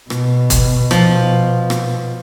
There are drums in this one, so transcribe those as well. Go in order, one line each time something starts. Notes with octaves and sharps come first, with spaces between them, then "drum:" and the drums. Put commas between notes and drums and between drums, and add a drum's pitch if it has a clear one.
B2, drum: rim click
drum: kick, hi-hat
F3, drum: rim click
drum: rim click